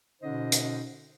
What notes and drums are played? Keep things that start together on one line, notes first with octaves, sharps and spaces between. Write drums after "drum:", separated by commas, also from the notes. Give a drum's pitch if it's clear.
B2 D3 C#4 D#4 C5 D#5
drum: hi-hat